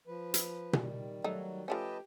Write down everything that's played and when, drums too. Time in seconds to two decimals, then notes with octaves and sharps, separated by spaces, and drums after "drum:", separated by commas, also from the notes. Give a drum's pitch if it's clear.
0.07 F3 B4
0.34 drum: hi-hat
0.73 D#3 G3, drum: tom B2
1.24 F#3 A3 D#4
1.68 F3 A3 C#4 G4 B4 D#5 A5